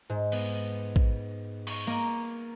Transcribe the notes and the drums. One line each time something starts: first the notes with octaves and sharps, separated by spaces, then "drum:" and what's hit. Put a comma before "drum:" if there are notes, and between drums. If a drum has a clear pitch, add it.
G#2
B3, drum: cymbal
drum: kick
C#6, drum: cymbal
A#3